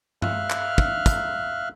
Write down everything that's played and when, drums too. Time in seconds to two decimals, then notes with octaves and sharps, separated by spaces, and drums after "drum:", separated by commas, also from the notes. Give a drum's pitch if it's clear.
0.22 E5 F5 F6 F#6, drum: tom G2
0.50 drum: clap
0.78 drum: kick
1.06 drum: kick, hi-hat